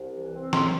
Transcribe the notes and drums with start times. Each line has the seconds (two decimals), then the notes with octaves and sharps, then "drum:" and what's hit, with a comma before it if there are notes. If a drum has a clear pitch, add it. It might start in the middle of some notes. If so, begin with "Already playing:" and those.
Already playing: C2
0.13 E3
0.33 C4
0.53 F#3 C6, drum: snare